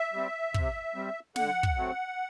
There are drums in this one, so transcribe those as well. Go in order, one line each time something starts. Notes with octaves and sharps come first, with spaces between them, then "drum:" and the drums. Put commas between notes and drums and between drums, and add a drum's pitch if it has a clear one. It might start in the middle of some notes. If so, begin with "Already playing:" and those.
Already playing: E5
G3 C4
C3, drum: kick
G3 C4
D3 F#5, drum: snare
drum: kick
F#3 A3 C4